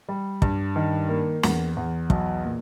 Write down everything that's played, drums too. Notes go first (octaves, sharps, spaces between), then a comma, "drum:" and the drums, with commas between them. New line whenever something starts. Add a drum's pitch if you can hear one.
G3
G2, drum: kick
D#3
A#3
E2, drum: snare
E2
B1, drum: kick
A#2